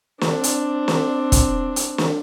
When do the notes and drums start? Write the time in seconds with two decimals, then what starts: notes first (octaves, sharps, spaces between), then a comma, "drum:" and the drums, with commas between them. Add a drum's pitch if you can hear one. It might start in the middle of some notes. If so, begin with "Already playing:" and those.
0.21 C4 D4, drum: snare
0.44 drum: hi-hat
0.88 drum: snare
1.32 drum: kick, hi-hat
1.76 drum: hi-hat
1.98 drum: snare